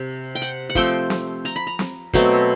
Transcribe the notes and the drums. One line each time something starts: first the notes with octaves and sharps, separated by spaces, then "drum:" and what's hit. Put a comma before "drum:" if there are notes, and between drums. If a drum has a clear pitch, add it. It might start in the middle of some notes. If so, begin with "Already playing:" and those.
Already playing: C3
G5
F#5, drum: hi-hat
F#5
F3 A3 C4 G5, drum: kick, hi-hat
drum: snare C4
A#5, drum: hi-hat
B5
A#5
drum: snare C4
B2 F#3 A3 C4, drum: kick, hi-hat